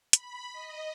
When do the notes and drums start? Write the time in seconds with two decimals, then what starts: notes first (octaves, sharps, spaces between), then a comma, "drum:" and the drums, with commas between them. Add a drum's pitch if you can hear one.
0.13 B5, drum: hi-hat
0.52 D#5